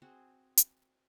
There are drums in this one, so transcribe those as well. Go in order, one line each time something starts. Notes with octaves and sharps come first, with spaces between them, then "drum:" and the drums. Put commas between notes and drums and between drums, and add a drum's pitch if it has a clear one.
C4 F#4 G#4
drum: hi-hat